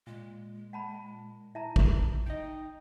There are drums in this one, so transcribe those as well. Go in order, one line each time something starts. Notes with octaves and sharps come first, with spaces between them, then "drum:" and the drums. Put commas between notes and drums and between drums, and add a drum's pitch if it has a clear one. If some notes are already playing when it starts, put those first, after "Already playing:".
A#2 G#3
F#5 A5 B5
E4 E5 A5 A#5
drum: kick
D#4 D#5 G5